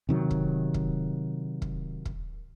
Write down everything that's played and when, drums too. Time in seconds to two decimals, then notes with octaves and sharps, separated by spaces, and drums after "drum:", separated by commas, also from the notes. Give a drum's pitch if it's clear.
0.09 C3 D#3 F#3
0.31 drum: kick
0.74 drum: kick
1.62 drum: kick
2.05 drum: kick